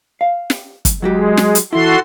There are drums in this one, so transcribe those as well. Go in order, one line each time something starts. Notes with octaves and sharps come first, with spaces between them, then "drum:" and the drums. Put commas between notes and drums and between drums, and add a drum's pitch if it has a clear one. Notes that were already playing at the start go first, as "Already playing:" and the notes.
F5
drum: snare
drum: kick F#1, hi-hat
F#3 G#3 F#4 G4
drum: snare
drum: hi-hat
E3 E4 F#4 A4 C6